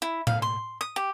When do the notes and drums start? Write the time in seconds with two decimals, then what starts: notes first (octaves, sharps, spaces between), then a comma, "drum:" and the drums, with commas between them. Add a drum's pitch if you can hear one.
0.02 E4
0.27 F5, drum: tom A2
0.42 C6
0.81 D#6
0.96 G4